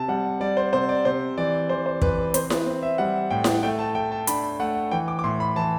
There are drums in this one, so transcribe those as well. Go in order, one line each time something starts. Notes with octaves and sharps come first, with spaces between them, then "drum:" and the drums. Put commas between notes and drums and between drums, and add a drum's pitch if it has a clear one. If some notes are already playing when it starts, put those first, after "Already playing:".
Already playing: C3 A5
G3 F#5
G3 D5
C5
C3 C5
D5
C3 C5
E3 D5
E3 C5
C5
E3 B4, drum: kick
B4
C4 C5, drum: hi-hat
B4, drum: snare E4
C4
E5
G3 F#5
A2 G5
drum: snare E4
A3 G5
A5
A3 G5
A5
D4 B5, drum: hi-hat
A3 F#5
E3 G5
D6
D6
A2 C6
B5
E3 A5